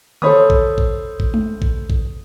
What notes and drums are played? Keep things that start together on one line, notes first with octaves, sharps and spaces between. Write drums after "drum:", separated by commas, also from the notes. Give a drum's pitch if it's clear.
A4 C5 C#5 B5 D#6, drum: tom D3
drum: kick A1
drum: kick A1
drum: kick A1
drum: tom G#3
drum: kick A1
drum: kick A1